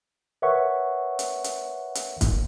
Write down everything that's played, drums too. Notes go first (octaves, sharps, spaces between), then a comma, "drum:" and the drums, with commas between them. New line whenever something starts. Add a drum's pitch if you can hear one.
A#4 B4 C#5 E5 F#5 C#6
drum: hi-hat
drum: hi-hat
drum: hi-hat
drum: kick, hi-hat